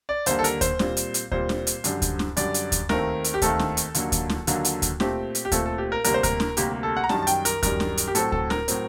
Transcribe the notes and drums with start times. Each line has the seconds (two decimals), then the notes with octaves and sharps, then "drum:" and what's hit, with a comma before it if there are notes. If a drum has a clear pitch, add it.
0.09 D5
0.26 D#2 D3 G3 A#3 C5, drum: hi-hat
0.39 A4
0.44 A#4, drum: hi-hat
0.61 C5, drum: kick D2, hi-hat
0.79 A#2 G3 C4, drum: snare
0.97 drum: hi-hat
1.14 drum: hi-hat
1.32 A#2 G3 C4 C5, drum: kick D2
1.49 drum: snare
1.67 drum: hi-hat
1.84 F#2 D3 G3, drum: hi-hat
2.02 drum: kick D2, hi-hat
2.19 drum: snare
2.37 F#2 D3 G3 D5, drum: hi-hat
2.54 drum: hi-hat
2.72 drum: kick D2, hi-hat
2.89 D#2 D#3 A3 C4 A#4, drum: snare
3.24 drum: hi-hat
3.34 G4
3.42 D#2 D#3 A3 C4 A4, drum: kick D2, hi-hat
3.59 drum: snare
3.77 drum: hi-hat
3.94 D#2 D3 F#3 A#3, drum: hi-hat
4.12 drum: kick D2, hi-hat
4.30 drum: snare
4.47 D#2 D3 F#3 A#3, drum: hi-hat
4.65 drum: hi-hat
4.82 drum: kick D2, hi-hat
5.00 A#2 A3 C4 G4, drum: snare
5.35 drum: hi-hat
5.45 G4
5.52 A#2 A3 C4 A4, drum: kick D2, hi-hat
5.66 A4
5.78 G4
5.92 A#4
6.04 D2 C3 G3 A#3 A#4, drum: hi-hat
6.14 C5
6.23 A#4, drum: kick D2, hi-hat
6.40 drum: snare
6.57 D2 C3 G3 A#3 G4, drum: hi-hat
6.83 A4
6.97 F#5
7.04 A#5
7.09 F#2 D#3 G3 A5, drum: snare
7.22 A5
7.27 G5, drum: hi-hat
7.45 A#4, drum: hi-hat
7.63 F#2 D#3 G3 A#4, drum: kick D2, hi-hat
7.80 drum: snare
7.97 drum: hi-hat
8.07 G4
8.15 A2 F#3 C4 A4, drum: hi-hat
8.32 A4, drum: kick D2
8.50 A#4, drum: snare
8.68 A2 F#3 C4, drum: hi-hat